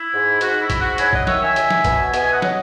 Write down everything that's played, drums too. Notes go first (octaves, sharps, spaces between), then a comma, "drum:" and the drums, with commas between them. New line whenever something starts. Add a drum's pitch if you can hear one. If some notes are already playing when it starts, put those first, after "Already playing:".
Already playing: E4
G#2
G#2 F#4, drum: hi-hat
E4
G#2, drum: kick A1, hi-hat
F#4
F#3 E4 G#4, drum: hi-hat
D#5 F#5, drum: kick A1
D#3 C#5 E5, drum: snare
E5 G#5
F#3, drum: hi-hat
drum: snare
B2, drum: kick A1, hi-hat
B2 E5 G#5, drum: hi-hat
D#5 F#5
F#3, drum: snare